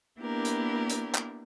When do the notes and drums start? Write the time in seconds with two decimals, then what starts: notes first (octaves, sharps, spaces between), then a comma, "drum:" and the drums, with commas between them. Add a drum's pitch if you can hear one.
0.20 A#3 B3 D4 E4 G4 A#4
0.45 drum: hi-hat
0.90 drum: hi-hat
1.15 drum: clap